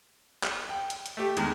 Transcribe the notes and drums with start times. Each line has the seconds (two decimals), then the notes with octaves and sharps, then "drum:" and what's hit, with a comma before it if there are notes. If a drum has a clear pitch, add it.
0.44 drum: clap
0.69 G5
0.90 drum: hi-hat
1.06 drum: hi-hat
1.17 A3 G4
1.37 E2 D#3 G#3, drum: hi-hat